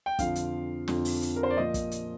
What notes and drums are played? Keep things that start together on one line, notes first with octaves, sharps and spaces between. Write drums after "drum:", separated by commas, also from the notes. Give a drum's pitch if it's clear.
G5
F2 D3 F3 F5, drum: kick, hi-hat
drum: hi-hat
F2 D3 F3, drum: snare
drum: open hi-hat
drum: hi-hat
A#4
C5
D5
A#2 F3 D#5
drum: kick, hi-hat
drum: hi-hat